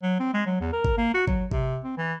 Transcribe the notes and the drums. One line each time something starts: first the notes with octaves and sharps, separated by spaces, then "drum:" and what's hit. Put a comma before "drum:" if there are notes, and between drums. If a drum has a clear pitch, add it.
F#3
C4
G#3
F#3
E2
A#4
drum: kick
A#3
F#4
F#3, drum: kick
C3, drum: kick
C4
E3